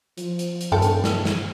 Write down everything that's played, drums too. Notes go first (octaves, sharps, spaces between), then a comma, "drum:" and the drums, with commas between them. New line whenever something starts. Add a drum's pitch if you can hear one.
F3, drum: hi-hat
drum: hi-hat
drum: hi-hat
D#1 G2 A4 G5
drum: hi-hat
drum: snare
drum: snare